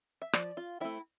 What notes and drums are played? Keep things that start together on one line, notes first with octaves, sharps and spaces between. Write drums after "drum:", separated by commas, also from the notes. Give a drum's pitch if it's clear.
E5
F3 D5, drum: rim click
F4
A3 C4 E4